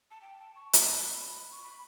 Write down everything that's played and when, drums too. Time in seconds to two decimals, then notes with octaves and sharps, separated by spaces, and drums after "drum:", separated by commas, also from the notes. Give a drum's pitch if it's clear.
0.11 A5
0.22 G5
0.39 A5
0.56 C#6
0.73 B5, drum: hi-hat
1.51 C#6
1.63 B5